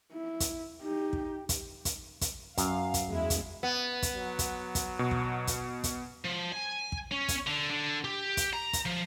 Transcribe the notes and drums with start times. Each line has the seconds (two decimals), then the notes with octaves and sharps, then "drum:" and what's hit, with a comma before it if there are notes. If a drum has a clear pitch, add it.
0.12 E4
0.40 drum: kick, hi-hat
0.82 D#4 G4
1.13 drum: kick
1.49 drum: kick, hi-hat
1.85 drum: kick, hi-hat
2.21 drum: kick, hi-hat
2.58 F#2 F5, drum: kick, hi-hat
2.94 drum: kick, hi-hat
3.10 E2 G#3 E4
3.30 drum: kick, hi-hat
3.63 B3
4.02 drum: kick, hi-hat
4.16 F#3
4.39 drum: kick, hi-hat
4.75 drum: kick, hi-hat
4.99 B2
5.11 drum: kick
5.47 drum: kick, hi-hat
5.84 drum: kick, hi-hat
6.24 F3
6.52 G#5
6.92 drum: kick
7.11 C#4
7.28 drum: kick, hi-hat
7.47 D3
7.70 D3
8.04 G4
8.37 drum: kick, hi-hat
8.53 A#5
8.73 drum: kick, hi-hat
8.85 F3